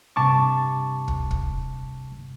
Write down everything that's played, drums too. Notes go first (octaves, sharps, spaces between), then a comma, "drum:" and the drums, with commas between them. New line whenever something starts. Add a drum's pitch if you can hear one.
G2 C3 A5 C#6 D6
drum: kick
drum: kick